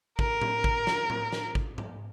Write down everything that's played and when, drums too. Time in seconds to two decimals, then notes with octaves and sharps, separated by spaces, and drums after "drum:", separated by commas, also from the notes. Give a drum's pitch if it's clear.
0.19 A#4, drum: kick
0.42 drum: tom A2
0.64 drum: kick
0.87 drum: snare
1.10 drum: tom A2
1.32 drum: snare
1.55 drum: kick
1.78 drum: tom G#2